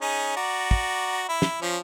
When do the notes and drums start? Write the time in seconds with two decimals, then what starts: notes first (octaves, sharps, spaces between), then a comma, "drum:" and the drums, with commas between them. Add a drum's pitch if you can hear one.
0.01 C#4 D#4 G#4
0.36 F#4 D5 A#5
0.71 drum: kick
1.29 E4
1.42 drum: snare
1.62 F3 C#4